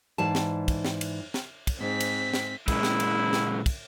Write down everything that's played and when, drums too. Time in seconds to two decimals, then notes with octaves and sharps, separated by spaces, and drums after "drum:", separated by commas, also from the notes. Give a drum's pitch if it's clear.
0.18 G#2 E3 D5 A5
0.35 drum: snare
0.68 drum: kick, cymbal
0.85 drum: snare
1.01 drum: cymbal
1.34 drum: snare
1.67 drum: kick, cymbal
1.79 G#2 C4 B6
2.00 drum: cymbal
2.34 drum: snare
2.68 A#2 G#3 C#4 E4, drum: kick, cymbal
2.83 drum: snare
3.00 drum: cymbal
3.33 drum: snare
3.66 drum: kick, cymbal